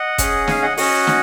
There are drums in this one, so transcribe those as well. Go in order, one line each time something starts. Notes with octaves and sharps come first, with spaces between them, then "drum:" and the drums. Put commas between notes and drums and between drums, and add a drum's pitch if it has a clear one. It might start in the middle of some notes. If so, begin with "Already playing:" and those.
Already playing: D#5 F#5
C#4 G#4, drum: kick, hi-hat
F5 G#5, drum: snare
D#5 F#5
C#4 F#4 D#5 F#5, drum: open hi-hat
drum: snare